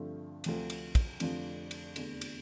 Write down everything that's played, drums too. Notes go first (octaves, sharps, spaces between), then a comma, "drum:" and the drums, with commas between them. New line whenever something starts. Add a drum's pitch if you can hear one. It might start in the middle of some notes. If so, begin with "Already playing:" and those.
Already playing: G2 D3 F3 A3 C4
D2 C3 F3 C4, drum: cymbal
drum: cymbal
drum: kick, cymbal
F1 F2 D3 F3, drum: cymbal
drum: cymbal
F1 E2 D3, drum: cymbal
drum: cymbal